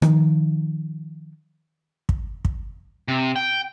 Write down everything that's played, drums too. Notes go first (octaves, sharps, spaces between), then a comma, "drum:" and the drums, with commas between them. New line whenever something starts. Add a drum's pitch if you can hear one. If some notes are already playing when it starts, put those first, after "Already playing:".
D#3 F3, drum: rim click
drum: kick
drum: kick
C3
G5